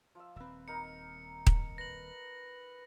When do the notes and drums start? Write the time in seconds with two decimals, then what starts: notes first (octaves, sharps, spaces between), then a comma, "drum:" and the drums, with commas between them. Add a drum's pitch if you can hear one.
0.15 F3 E5
0.36 D#1 C4 B4 E5
0.68 D#4 A#4 E5 C#7
1.47 drum: kick D#1
1.78 B4 A#6 F#7